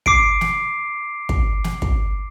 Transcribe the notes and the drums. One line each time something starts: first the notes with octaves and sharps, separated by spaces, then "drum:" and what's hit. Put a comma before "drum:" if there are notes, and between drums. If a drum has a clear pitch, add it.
D6 C7 D7, drum: kick
drum: snare
drum: kick
drum: snare
drum: kick